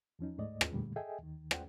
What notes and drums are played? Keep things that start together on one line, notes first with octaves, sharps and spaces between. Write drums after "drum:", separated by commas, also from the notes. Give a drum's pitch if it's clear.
E2 F3 C#4 D#4
D2 G#2 A3 D5 D#5
drum: rim click
F2 A#2 D3 G3 A3
G#4 A4 D#5 E5 G5 G#5
D#2 D#3
C5 D5 F#5 G5, drum: rim click